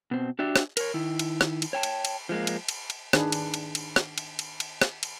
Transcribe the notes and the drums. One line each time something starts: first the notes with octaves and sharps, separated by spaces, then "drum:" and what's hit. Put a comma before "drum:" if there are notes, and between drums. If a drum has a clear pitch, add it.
B2 C4
D4 F#4 G4 D5 E5
drum: rim click
A#4 C#5, drum: cymbal
D#3 E4
drum: cymbal
drum: rim click
drum: cymbal
C#5 G5 A5
drum: cymbal
drum: cymbal
F3 G#3 A#3
drum: cymbal
drum: cymbal
drum: cymbal
D#3 D4 G#4 B4, drum: rim click
drum: cymbal
drum: cymbal
drum: cymbal
drum: rim click
drum: cymbal
drum: cymbal
drum: cymbal
drum: rim click
drum: cymbal